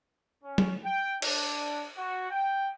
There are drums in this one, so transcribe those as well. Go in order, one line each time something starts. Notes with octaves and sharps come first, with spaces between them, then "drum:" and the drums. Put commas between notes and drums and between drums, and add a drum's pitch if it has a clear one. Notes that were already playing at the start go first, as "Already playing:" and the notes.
C#4
drum: tom F#3
G5
D4, drum: cymbal
F#4
G5